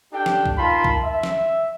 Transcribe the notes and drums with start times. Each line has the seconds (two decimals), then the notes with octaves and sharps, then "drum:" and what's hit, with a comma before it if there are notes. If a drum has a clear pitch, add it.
0.13 D4 G4 A4 G5
0.26 drum: snare
0.46 drum: kick
0.57 D#4 F4 A#4 A5 B5 C6
0.85 drum: kick
1.04 E5
1.23 drum: snare